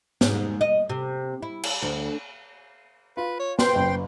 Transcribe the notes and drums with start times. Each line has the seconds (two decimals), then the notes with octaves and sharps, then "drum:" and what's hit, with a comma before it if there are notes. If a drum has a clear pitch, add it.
0.21 G#2, drum: snare
0.61 D#5
0.90 C3
1.42 E4
1.63 drum: cymbal
1.82 D2
3.17 F4 B4
3.40 C#5
3.59 B4 C5 G5 C6, drum: snare
3.75 F#1